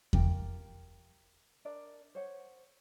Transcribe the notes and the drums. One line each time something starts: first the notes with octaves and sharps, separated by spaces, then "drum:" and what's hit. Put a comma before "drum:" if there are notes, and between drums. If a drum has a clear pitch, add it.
F4 G4 A#4 G5, drum: kick E2
D4 A#4 D5
C5 C#5 F#5